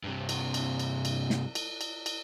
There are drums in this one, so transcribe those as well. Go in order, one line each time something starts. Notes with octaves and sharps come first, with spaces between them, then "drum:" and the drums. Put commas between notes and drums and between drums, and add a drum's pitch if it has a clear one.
G2 C3
drum: cymbal
drum: cymbal
drum: cymbal
drum: cymbal
drum: snare
drum: cymbal
drum: cymbal
drum: cymbal